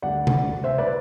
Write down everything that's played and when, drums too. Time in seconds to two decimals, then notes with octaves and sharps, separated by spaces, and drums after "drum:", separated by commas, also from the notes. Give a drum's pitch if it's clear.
0.02 D2 D3 G3 D5 F#5
0.27 drum: tom C3
0.64 C5 E5
0.78 B4 D5